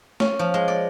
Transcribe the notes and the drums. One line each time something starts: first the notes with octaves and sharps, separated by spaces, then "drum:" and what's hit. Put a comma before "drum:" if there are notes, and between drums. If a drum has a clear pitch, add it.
C#4, drum: snare
F3
G#3
D5